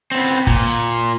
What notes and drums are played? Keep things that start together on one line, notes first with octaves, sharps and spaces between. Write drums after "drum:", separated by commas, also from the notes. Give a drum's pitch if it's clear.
B3 C4
A#2, drum: kick
drum: hi-hat